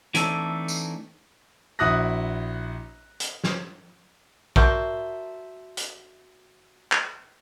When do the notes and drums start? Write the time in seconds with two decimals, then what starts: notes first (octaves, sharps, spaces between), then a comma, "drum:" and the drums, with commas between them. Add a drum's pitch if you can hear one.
0.15 E3 A3 C4 D4 D#4 A4, drum: hi-hat
0.68 drum: tambourine
1.79 A#1 E4 F#4 D#6 F#6 A#6
3.20 drum: hi-hat
3.44 drum: snare
4.56 F#4 A#4 C5 D5 E5 A5, drum: kick
5.77 drum: hi-hat
6.92 drum: clap